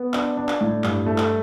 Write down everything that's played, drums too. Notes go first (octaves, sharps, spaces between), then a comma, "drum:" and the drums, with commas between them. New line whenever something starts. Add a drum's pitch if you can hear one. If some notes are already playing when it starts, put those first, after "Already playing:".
Already playing: B3
D4, drum: clap
D4
drum: clap
A2
G2, drum: clap
A3
drum: clap